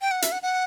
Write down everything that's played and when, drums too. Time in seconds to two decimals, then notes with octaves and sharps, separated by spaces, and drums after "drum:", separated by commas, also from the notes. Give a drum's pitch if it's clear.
0.01 G5
0.11 F#5
0.22 E5, drum: hi-hat
0.32 F#5
0.43 F#5